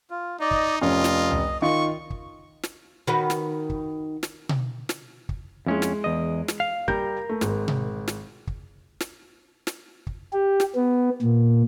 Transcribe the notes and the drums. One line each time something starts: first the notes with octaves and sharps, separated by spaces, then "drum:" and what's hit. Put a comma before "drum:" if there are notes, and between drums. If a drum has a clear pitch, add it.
F4
D#4 D5 D#5
drum: kick
F1 C#4 F4 D#5
drum: snare
drum: tom C2
D#3 F4 D#5 C#6
drum: kick
drum: snare
D#3 F#4 B4
drum: snare
drum: kick
drum: snare
drum: tom B2
drum: snare
drum: kick
F2 G#3 C#4 E4
drum: snare
E2 D#5
drum: snare
F5
G3 A#4 G6, drum: kick
A3
G#1 G#3, drum: snare
drum: tom B2
drum: snare
drum: kick
drum: snare
drum: snare
drum: kick
G4
drum: snare
B3
A#2